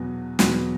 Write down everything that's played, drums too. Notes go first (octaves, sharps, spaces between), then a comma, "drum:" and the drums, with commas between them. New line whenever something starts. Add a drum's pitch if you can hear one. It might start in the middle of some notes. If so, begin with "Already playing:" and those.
Already playing: E2 B2 F#3 B3
E2 B2 F#3 B3, drum: snare